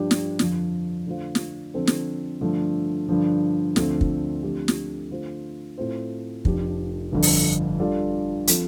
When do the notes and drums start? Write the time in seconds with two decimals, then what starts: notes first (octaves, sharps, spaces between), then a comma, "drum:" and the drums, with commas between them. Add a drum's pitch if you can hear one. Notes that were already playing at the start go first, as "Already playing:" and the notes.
Already playing: G2 F3 D4 G4 D5
0.11 drum: snare
0.39 F2 D3 F3, drum: snare
1.06 D3 A3 F4 C5 F5
1.35 drum: snare
1.74 D3 F3 C4 A4 C5
1.87 drum: snare
2.41 G2 D3 F3 A3
3.09 G2 D3 F3
3.76 D2 D3 F3 A3 C4, drum: snare
4.01 drum: kick
4.43 D3 F3 A3 C4 G4
4.68 drum: snare
5.11 D3 A3 F4 C5
5.78 A2 A3 C4 F4 C5
6.45 F1 F2 F3 D4 G4, drum: kick
7.12 G1 F2 D3
7.23 drum: open hi-hat
7.80 D3 G3 F4 A4 D5
8.47 F3 C4 F4 A4, drum: hi-hat